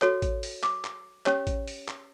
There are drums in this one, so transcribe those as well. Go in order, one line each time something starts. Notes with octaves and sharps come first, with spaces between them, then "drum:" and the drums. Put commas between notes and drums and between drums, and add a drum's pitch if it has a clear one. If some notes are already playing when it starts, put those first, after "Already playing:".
F#4 A4 C#5, drum: clap
drum: kick A1, hi-hat
drum: open hi-hat
D6, drum: clap
drum: clap
C#4 G4 C#5, drum: clap
drum: kick A1, hi-hat
drum: open hi-hat
drum: clap